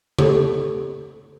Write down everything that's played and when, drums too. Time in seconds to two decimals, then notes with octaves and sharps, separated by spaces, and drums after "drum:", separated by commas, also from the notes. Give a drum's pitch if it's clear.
0.19 G4 A4, drum: tom C#3